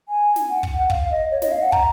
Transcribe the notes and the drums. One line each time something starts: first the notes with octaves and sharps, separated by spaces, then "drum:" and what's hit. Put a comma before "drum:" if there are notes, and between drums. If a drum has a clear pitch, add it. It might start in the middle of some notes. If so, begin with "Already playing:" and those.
G#5
drum: snare
F#5
drum: kick
F5, drum: kick
D#5
C#5
D#5, drum: snare
F5
F#5
A#5, drum: kick